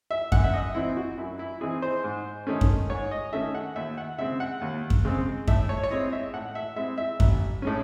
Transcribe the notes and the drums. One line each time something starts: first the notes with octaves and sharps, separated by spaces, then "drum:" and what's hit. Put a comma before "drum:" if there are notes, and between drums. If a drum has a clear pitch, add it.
E5
F#2 F#5, drum: kick F#2
E5
D#5
E3 C4 D#4 E4
F#4
F#2 E4
E4
E3 C4 D#4 G#4
C5
G#2
D#3 A3 C#4
drum: kick F#2
G#2 C#5
D#5
D#3 A3 C#4 E5
F#5
D#2 E5
F#5
C#3 G#3 C4 E5
F#5
D#2
drum: kick F#2
C#3 G#3 C4
A2 E5, drum: kick F#2
C#5
C#5
G#3 C4 E4 D#5
E5
A2 F#5
E5
G#3 C4 E4 E5
E5
A1, drum: kick F#2
A2 G#3 C#4